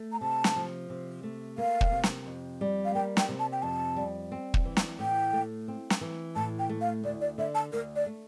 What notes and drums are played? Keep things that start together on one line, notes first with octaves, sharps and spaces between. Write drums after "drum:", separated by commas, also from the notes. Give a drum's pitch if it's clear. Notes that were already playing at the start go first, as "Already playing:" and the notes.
Already playing: A3
A#5
C3 A5
drum: snare
F3
C3
A3
A#3 F5
drum: kick
C3
drum: snare
F2
G3
F5
A#3 G5
G5, drum: snare
C3
A5
G5
F2 A5
G3
C4
drum: kick
E3
drum: snare
A2 G5
A3
C4
drum: snare
E3
A2 A5
G5
A3
F5
D2 D5
D5
D3 E5
A5
D2 A#4
D5
A3